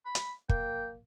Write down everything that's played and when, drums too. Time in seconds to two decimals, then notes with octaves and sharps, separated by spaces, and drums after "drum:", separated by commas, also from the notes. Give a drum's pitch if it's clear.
0.06 B5
0.15 drum: hi-hat
0.49 A#3 G5, drum: kick